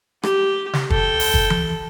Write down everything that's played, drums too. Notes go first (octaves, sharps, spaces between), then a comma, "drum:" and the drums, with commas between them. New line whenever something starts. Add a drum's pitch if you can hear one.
G4, drum: rim click
drum: snare
A4 G5, drum: kick
drum: open hi-hat
drum: kick
drum: tom E3